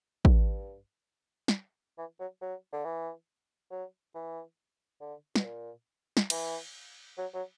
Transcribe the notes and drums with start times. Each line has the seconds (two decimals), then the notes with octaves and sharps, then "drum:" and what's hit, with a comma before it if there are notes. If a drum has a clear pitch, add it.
0.25 G2, drum: kick A1
1.48 drum: snare
1.98 E3
2.20 F#3
2.41 F#3
2.72 D3
2.84 E3
3.71 F#3
4.14 E3
5.01 D3
5.35 B2, drum: snare
5.44 A#2
6.17 drum: snare
6.30 E3, drum: cymbal
7.17 F#3
7.34 F#3